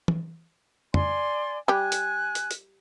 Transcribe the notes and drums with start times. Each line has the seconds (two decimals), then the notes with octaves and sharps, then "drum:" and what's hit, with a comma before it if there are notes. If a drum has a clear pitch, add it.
0.08 drum: tom E3
0.94 D5 G#5 C6, drum: tom
1.68 G3 G4 G#5 F#6
1.92 drum: hi-hat
2.35 drum: hi-hat
2.51 drum: hi-hat